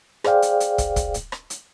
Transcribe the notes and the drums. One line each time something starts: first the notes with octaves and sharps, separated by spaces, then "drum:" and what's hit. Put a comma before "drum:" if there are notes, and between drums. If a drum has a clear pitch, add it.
G#4 C5 D5 F5 G5, drum: rim click
drum: hi-hat
drum: hi-hat
drum: kick, hi-hat
drum: kick, hi-hat
drum: hi-hat
drum: rim click
drum: hi-hat